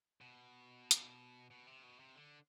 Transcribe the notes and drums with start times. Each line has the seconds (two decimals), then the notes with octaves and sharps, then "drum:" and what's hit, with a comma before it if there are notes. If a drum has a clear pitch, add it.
0.21 B2
0.91 drum: hi-hat
1.50 B2
1.67 C3
1.83 B2
1.99 C3
2.15 D3